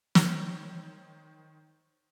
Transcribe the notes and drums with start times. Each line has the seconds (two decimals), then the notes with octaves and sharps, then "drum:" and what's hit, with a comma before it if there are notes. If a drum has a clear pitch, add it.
0.15 D#3 C5 C#5, drum: snare